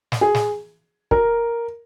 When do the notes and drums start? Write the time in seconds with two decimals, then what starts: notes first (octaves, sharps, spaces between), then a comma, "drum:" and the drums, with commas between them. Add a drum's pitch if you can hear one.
0.12 drum: snare
0.21 G#4
0.34 drum: snare
1.11 A#4, drum: kick